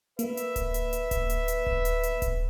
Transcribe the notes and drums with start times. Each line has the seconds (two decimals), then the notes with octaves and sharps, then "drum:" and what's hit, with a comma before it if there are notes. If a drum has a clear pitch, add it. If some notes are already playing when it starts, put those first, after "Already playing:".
0.19 A#3 B4 E5, drum: hi-hat
0.37 drum: hi-hat
0.56 drum: kick D1, hi-hat
0.74 drum: hi-hat
0.93 drum: hi-hat
1.11 drum: kick D1, hi-hat
1.30 drum: hi-hat
1.48 drum: hi-hat
1.66 drum: kick D1
1.85 drum: hi-hat
2.03 drum: hi-hat
2.22 drum: kick D1, hi-hat